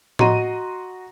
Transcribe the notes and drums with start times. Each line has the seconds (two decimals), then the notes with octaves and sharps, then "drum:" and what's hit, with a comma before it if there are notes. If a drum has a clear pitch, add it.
0.19 F#4 D#5 A#5 C6 D#7, drum: tom A2